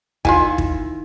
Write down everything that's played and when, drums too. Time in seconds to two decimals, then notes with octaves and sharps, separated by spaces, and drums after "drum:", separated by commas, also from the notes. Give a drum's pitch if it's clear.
0.25 D#3 E4 F4 F5 G#5, drum: kick
0.58 drum: kick